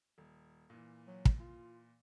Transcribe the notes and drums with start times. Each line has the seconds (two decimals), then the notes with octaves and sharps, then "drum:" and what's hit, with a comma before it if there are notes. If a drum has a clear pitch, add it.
0.18 D#1
0.70 A#2 E3
1.07 F#3
1.25 drum: kick
1.40 F4